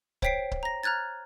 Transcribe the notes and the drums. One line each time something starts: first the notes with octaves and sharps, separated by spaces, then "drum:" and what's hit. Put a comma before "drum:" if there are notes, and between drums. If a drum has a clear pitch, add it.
C5 C#5 G5 B6 C7 D7, drum: kick C#1
drum: kick C#1
A#5 A#6
A#5 F6 F#6 G#6 A6